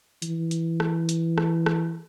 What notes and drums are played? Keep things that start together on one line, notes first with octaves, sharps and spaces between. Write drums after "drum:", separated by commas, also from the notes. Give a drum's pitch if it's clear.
E3, drum: hi-hat
drum: hi-hat
drum: rim click
drum: hi-hat
drum: rim click
drum: rim click